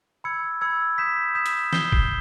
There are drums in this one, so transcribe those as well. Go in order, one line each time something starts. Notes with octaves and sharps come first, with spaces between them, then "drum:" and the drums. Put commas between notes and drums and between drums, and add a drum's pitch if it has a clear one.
B5 E6 G#6 C#7
B5 E6 G#6 C#7
D#6 G6 B6 E7
D#6 G6 B6 E7
drum: hi-hat
D#6 G6 C7 E7 G7, drum: snare
drum: kick G1